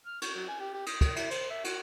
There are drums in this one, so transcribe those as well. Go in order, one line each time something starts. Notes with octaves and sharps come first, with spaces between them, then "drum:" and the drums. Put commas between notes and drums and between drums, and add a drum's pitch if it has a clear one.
F6
C#6, drum: cymbal
F#3
G#5
G4
G4
D#6, drum: cymbal
D#6, drum: kick, cymbal
E4, drum: cymbal
C5, drum: cymbal
E5
F#4, drum: cymbal